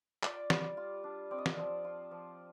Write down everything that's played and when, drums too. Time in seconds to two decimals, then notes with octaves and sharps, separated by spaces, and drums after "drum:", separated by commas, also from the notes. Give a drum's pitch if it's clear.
0.23 F4 D5, drum: clap
0.50 G3, drum: snare
0.77 F4
1.04 D4
1.31 C4 D5
1.38 D#5
1.46 D5, drum: snare
1.58 F3 C5
1.84 F4
2.11 F3